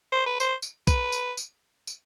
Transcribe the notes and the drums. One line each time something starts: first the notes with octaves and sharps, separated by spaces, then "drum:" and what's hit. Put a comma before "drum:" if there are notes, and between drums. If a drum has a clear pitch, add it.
C5
B4
C5, drum: tambourine
drum: tambourine
B4, drum: kick B1, tambourine
drum: tambourine
drum: tambourine
drum: tambourine